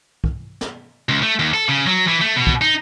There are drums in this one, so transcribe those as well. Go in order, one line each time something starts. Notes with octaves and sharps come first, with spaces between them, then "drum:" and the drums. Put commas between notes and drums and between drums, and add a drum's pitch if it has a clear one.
drum: kick
drum: snare
C#2
A3
D#2
A4
C#3
F#3
E3
A3
B2
drum: kick
D#4